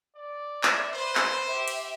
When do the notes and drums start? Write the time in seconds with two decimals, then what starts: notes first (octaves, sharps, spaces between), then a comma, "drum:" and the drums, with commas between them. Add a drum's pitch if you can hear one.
0.15 D5
0.63 E5, drum: clap
0.93 B4 C5
1.15 drum: clap
1.48 G4 E5
1.68 drum: cymbal